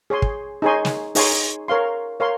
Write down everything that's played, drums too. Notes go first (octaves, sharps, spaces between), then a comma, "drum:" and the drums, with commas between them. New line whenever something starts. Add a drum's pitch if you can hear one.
G#4 C#5 G#5 C6
drum: kick
D#4 G#4 C#5 G#5 C6
drum: snare
D#4 G#4 C#5 G#5 C6, drum: open hi-hat
A#4 C#5 F5 C6
A#4 C#5 F5 C6